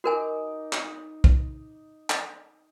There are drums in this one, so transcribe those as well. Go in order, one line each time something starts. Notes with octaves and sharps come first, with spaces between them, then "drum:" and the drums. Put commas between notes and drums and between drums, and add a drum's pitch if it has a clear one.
D#4 F#4 A#4 G#5 D6
drum: clap
drum: kick B1
drum: clap